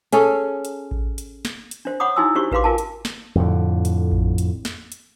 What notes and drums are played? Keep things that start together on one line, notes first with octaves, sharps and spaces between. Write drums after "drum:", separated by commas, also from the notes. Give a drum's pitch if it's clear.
C#4 G#4 A4, drum: hi-hat
drum: hi-hat
drum: kick A1
drum: hi-hat
drum: snare
drum: hi-hat
D4 C5
C#5 F#5 B5 D6 D#6
D#4 E4 F#4 G#5 C6 E6
D4 F#4 G4 C5 C#6
G4 B4 F5 C6 D6, drum: kick A1
F4 F#4 A#4 G#5 A5
drum: hi-hat
drum: snare
F2 A2 D3
drum: hi-hat
drum: kick A1
drum: hi-hat
drum: snare
drum: hi-hat